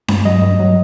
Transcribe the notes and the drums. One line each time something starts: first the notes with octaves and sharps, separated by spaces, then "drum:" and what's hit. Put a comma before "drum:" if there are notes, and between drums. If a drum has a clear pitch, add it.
G2, drum: snare C#4
F#3 D#5
G2
F#3